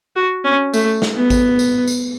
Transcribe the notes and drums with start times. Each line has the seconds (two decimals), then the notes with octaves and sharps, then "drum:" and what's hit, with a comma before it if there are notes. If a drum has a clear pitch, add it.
0.16 F#4
0.44 C#4
0.74 A3, drum: tambourine
1.02 drum: snare
1.16 B3
1.30 drum: kick A1, tambourine
1.59 drum: tambourine
1.87 drum: tambourine